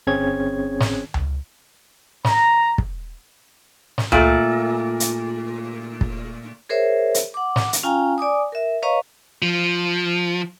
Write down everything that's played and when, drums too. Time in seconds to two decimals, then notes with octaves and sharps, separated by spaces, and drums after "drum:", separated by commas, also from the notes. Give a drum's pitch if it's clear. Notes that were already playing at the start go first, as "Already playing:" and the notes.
0.07 G1 C4 C#4 G#4 C#5 G#6
0.80 drum: snare
1.14 drum: tom C#2
2.25 A#5, drum: snare
2.78 drum: kick
3.98 drum: snare
4.12 A#2 A3, drum: tom C#2
5.00 drum: hi-hat
6.01 drum: kick
6.69 G#4 A#4 C5 C#5 E5
7.14 drum: hi-hat
7.34 F#5 D6
7.56 drum: snare
7.73 drum: hi-hat
7.83 C#4 F4 F5 G5 G#5 A#5
8.18 D5 G#5 D6 D#6
8.52 A#4 E5
8.82 B4 C#5 D#5 F5 A#5 C#6
9.42 F3